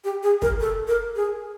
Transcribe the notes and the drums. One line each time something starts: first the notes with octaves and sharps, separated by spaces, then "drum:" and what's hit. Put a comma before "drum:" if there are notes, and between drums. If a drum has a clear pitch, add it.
G4
G#4
A#4, drum: kick
A4
A#4
G#4